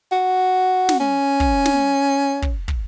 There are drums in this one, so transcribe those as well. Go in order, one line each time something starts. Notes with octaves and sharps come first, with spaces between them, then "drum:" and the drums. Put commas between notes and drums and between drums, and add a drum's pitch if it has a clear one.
F#4
drum: snare
C#4
drum: kick
drum: snare
drum: kick
drum: kick